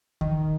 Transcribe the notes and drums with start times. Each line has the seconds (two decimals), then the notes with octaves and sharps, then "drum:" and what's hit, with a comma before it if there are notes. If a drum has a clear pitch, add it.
0.21 D#3, drum: kick D#2